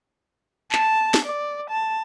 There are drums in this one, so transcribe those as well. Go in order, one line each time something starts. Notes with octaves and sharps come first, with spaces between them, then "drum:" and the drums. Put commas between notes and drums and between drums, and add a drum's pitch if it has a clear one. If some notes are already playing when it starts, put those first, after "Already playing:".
A5, drum: clap
drum: snare
D5
A5